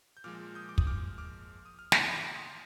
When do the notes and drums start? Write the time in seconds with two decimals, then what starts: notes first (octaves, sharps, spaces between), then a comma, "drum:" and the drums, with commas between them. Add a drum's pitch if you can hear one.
0.17 G6
0.24 A#2 F3 G#3 D6 F6
0.55 D#6 G6
0.69 D6
0.78 D#6, drum: kick
0.87 D6 F6
1.18 D6 F6
1.66 D#6
1.79 F6
1.92 C6 D#6, drum: snare
2.05 D#6
2.12 A#5 D6
2.36 C6 D#6